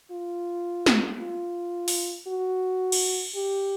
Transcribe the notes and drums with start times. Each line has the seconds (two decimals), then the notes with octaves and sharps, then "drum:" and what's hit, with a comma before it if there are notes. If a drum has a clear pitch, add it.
0.11 F4
0.86 drum: snare
1.20 F4
1.88 drum: open hi-hat
2.28 F#4
2.92 drum: cymbal
3.36 G4